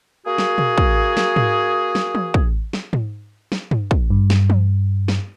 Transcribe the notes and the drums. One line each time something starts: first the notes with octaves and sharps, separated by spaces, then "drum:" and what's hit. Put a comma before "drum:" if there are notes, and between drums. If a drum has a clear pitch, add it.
A#3 F#4 G#4
drum: snare
drum: tom
drum: kick
drum: snare
drum: tom G#2
drum: snare
drum: tom
drum: kick
drum: snare
drum: tom G#2
drum: snare
drum: tom G2
drum: kick
G2
drum: snare
drum: tom
drum: snare